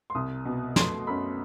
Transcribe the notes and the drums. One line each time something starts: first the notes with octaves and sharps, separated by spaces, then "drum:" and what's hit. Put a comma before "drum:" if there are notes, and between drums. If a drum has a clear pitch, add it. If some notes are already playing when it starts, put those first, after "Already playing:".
C6
C2 D#6
B2
A3 C6, drum: snare
F#2 B5